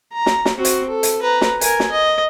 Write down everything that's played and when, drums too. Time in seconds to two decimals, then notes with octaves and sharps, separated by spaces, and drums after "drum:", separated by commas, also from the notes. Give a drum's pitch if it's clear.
0.13 A#5
0.26 drum: snare
0.45 drum: snare
0.55 C4 F#4
0.65 drum: hi-hat
0.89 A4
1.03 drum: hi-hat
1.22 B4 A#5
1.41 drum: snare
1.61 A#4 G#5, drum: hi-hat
1.80 drum: snare
1.92 D#5